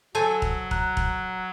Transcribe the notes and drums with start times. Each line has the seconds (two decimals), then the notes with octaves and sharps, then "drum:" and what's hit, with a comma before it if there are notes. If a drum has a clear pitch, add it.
0.15 F#3 A4 C5 G#5
0.42 drum: kick E1
0.71 A#5 F#6, drum: kick E1
0.97 drum: kick E1